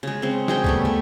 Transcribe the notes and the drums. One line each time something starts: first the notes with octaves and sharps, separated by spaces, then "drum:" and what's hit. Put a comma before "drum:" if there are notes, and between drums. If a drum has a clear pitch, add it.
C#3 G#3
C#3 C4
F#4 G#4 G5, drum: snare
G3 A3 B3, drum: kick C2
A3